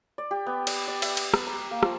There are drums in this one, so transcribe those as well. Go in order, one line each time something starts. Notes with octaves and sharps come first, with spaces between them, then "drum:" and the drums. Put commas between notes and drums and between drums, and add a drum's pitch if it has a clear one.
D5
G4
B3
D5, drum: cymbal
D5
E5, drum: cymbal
drum: cymbal
B3, drum: rim click
A#5
A#3
F3, drum: rim click